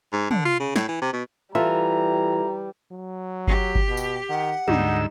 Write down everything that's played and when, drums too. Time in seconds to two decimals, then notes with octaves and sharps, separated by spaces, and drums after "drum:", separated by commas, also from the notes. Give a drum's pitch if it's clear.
0.13 G#2
0.31 D3, drum: tom
0.45 F4
0.60 C#3
0.76 A2, drum: snare
0.89 E3
1.01 C3
1.13 B2
1.55 E3 G3 F4 A4 E5 A#5
2.91 F#3
3.47 G4, drum: kick G1
3.75 drum: kick G1
3.87 B2
3.97 drum: tambourine
4.29 D#3 F#5
4.68 D2 G#2 G3 G#3 D#4 E6, drum: tom